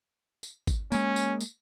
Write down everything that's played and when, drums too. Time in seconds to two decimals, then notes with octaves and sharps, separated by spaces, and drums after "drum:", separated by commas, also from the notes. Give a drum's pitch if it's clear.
0.43 drum: tambourine
0.67 drum: kick, tambourine
0.92 G#3 A#3 C#4, drum: tambourine
1.16 drum: tambourine
1.40 drum: tambourine